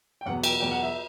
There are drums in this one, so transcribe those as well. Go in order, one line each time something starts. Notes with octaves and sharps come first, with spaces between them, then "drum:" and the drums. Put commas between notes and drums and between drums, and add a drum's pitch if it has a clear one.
G5
E2 B2 F#3 B3 F#5
G5, drum: cymbal
E2 B2 F#3 B3 G5
F#5
E5